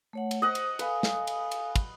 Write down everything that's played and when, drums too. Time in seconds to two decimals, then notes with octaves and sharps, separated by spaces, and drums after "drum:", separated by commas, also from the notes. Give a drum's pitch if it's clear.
0.13 A3 C#5 F#5
0.31 drum: cymbal
0.42 C5 D#5 F#5
0.55 drum: cymbal
0.79 A4 B4 F5 G#5, drum: cymbal
1.03 drum: snare
1.27 drum: cymbal
1.51 drum: cymbal
1.76 drum: kick, cymbal